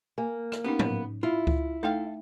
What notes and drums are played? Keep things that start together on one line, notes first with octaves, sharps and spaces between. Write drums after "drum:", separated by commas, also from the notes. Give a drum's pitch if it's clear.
A#3 G#5
drum: rim click
B3 C#4 D#4 G4
drum: tom G#2
E4 F4
drum: kick C#2
A3 D#4 A4 F5 G5